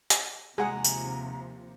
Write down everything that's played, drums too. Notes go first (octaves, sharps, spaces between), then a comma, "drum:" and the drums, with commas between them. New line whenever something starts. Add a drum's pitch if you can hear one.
drum: hi-hat
D#2 C3 F3 G#3 G#4 F#5 A#5
drum: tambourine